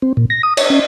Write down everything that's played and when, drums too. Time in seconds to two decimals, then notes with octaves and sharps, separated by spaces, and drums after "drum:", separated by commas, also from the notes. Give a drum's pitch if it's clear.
0.02 C4
0.17 A#2
0.30 A#6
0.43 D#6
0.57 C#5, drum: cymbal
0.70 C#4